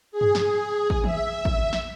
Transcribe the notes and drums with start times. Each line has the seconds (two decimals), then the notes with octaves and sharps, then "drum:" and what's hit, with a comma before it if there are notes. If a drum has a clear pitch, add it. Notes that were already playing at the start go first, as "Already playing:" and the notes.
0.12 G#4
0.21 drum: tom G2
0.35 drum: snare
0.90 drum: kick
1.04 E5, drum: tom E3
1.45 drum: kick
1.73 drum: snare